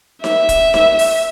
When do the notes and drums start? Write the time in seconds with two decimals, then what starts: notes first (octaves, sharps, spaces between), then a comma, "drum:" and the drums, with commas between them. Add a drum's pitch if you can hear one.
0.24 E5, drum: snare D#4
0.49 drum: kick, hi-hat
0.74 drum: snare D#4
0.99 drum: open hi-hat